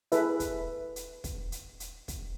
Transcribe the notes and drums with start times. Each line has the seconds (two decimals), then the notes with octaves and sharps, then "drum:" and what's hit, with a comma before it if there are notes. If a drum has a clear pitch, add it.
0.12 E4 G#4 A4 B4 E5, drum: hi-hat
0.40 drum: kick, hi-hat
0.96 drum: hi-hat
1.24 drum: kick, hi-hat
1.52 drum: hi-hat
1.80 drum: hi-hat
2.08 drum: kick, hi-hat